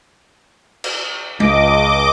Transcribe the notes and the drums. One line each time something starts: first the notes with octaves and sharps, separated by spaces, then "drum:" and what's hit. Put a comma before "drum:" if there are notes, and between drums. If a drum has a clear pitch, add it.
drum: cymbal
C#2 D#5 D6, drum: tom G#3